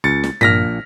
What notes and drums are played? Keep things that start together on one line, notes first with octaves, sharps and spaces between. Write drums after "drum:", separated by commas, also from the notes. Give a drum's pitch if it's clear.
C#2 A6 C#7
drum: snare
A#1 A#2 F6 A#6 B6, drum: tom G2